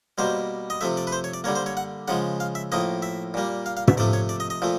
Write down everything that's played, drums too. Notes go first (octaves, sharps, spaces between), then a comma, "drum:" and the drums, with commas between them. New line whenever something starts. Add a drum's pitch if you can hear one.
B2 G3 A#3 C5
D#5
C3 F3 A3 E5
D5
B4
C5
C#5
D5
D3 G3 A#3 C#5
C5
C#5
F#5
C#3 F3 G#3 F#5
F5
E5
A2 F3 A#3 D#5
E5
A#2 G3 A#3
F5
F5
E5, drum: tom
C3 F3 A3 D5
C#5
D5
D#5
D#5
A#2 F3 A3